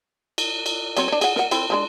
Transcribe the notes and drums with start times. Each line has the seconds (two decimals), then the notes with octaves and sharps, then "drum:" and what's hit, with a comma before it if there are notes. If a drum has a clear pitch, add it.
0.38 drum: cymbal
0.66 drum: cymbal
0.97 F#3 C4 C#5, drum: cymbal
1.08 D4 C#5
1.21 G#4 F#5, drum: cymbal
1.36 A#4 F#5, drum: snare
1.51 C4 E4 A4, drum: cymbal
1.70 F3 G#3 D4